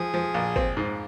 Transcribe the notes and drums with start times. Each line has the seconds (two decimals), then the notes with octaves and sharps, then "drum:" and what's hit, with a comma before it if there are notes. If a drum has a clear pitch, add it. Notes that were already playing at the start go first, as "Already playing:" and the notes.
Already playing: F3 G#4
0.14 F3
0.34 A#1
0.56 C4, drum: kick
0.77 G#2